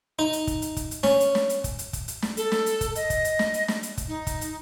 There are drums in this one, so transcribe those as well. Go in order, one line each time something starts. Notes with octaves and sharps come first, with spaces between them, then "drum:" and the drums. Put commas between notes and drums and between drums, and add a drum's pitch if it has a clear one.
D#4
drum: hi-hat
drum: kick, hi-hat
drum: hi-hat
drum: kick, hi-hat
drum: hi-hat
C#4, drum: snare
drum: hi-hat
drum: snare
drum: hi-hat
drum: kick, hi-hat
drum: hi-hat
drum: kick, hi-hat
drum: hi-hat
drum: snare
A4, drum: hi-hat
drum: snare
drum: hi-hat
drum: kick, hi-hat
D#5, drum: hi-hat
drum: kick, hi-hat
drum: hi-hat
drum: snare
drum: hi-hat
drum: snare
drum: hi-hat
drum: kick, hi-hat
D#4
drum: kick, hi-hat
drum: hi-hat